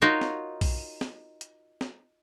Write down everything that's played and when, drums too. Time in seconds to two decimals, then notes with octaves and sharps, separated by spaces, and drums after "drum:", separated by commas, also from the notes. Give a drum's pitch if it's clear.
0.02 D#4 F4 F#4 A#4 C#5
0.21 drum: snare
0.61 drum: kick B1, open hi-hat
1.01 drum: snare
1.41 drum: hi-hat
1.81 drum: snare